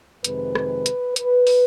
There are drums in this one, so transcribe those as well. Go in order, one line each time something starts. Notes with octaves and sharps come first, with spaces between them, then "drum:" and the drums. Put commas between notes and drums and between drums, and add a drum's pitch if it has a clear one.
F2 C3 D#3 G#3 B4, drum: hi-hat
drum: rim click
drum: hi-hat
B4, drum: hi-hat
drum: open hi-hat